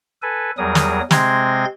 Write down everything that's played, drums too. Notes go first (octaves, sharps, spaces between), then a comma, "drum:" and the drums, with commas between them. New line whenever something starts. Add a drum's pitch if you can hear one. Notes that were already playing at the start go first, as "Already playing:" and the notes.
A4 B4 G#5
E2 F#3 G3 G#4 A#4 D#6
drum: snare
C3 G#3 C4 C6 G#6 A#6, drum: snare